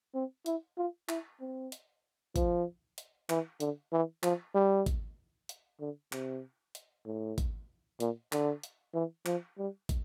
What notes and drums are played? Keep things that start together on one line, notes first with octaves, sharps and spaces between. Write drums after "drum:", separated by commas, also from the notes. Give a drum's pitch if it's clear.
C4
E4, drum: hi-hat
F4
E4, drum: clap
C4
drum: hi-hat
F3, drum: kick, hi-hat
drum: hi-hat
E3, drum: clap
D3, drum: hi-hat
E3
F3, drum: clap
G3
drum: kick, hi-hat
drum: hi-hat
D3
C3, drum: clap
drum: hi-hat
A2
drum: kick, hi-hat
A#2, drum: hi-hat
D3, drum: clap
drum: hi-hat
E3
F3, drum: clap
G3
drum: kick, hi-hat